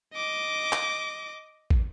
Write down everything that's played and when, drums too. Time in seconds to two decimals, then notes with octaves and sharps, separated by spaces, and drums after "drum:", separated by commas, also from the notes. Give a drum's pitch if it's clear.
0.14 D#5 D6
0.73 drum: clap
1.70 drum: kick